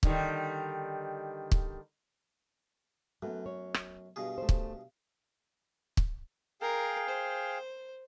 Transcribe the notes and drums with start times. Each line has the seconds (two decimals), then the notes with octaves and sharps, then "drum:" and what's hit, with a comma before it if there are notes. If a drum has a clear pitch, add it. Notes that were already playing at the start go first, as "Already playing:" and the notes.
0.03 D3 D#3 G3, drum: kick
1.52 drum: kick
3.23 F#2 A3 B3
3.46 C#5
3.74 drum: rim click
4.16 G2 B2 G#4
4.38 A3 C5
4.49 drum: kick
5.97 drum: kick
6.61 G#4 A#4 F5 G5
7.09 C5